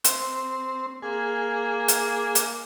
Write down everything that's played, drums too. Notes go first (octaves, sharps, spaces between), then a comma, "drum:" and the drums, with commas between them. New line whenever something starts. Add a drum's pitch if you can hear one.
C4, drum: hi-hat
A#3 G#4
drum: hi-hat
drum: hi-hat